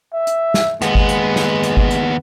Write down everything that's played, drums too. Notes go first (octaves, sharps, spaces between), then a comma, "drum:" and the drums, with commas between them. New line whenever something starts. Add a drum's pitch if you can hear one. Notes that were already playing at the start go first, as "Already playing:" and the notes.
E5
drum: hi-hat
drum: snare
D#2 G#3 B3, drum: hi-hat
drum: kick G1
drum: hi-hat
drum: snare
drum: hi-hat
drum: kick G1
drum: hi-hat